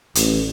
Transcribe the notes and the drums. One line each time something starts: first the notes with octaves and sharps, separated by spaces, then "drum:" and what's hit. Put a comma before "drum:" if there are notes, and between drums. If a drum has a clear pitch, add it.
A1, drum: hi-hat